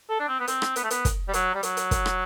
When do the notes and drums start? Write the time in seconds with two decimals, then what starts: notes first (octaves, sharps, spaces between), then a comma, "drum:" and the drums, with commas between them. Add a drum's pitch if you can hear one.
0.09 A4
0.19 D4
0.28 C4
0.39 B3
0.48 C4, drum: hi-hat
0.62 drum: rim click
0.76 B3, drum: hi-hat
0.83 A3
0.90 B3, drum: hi-hat
1.05 drum: kick, hi-hat
1.28 G3
1.33 F#3, drum: hi-hat
1.54 G3
1.63 F#3, drum: hi-hat
1.77 drum: hi-hat
1.91 drum: kick, hi-hat
2.06 drum: rim click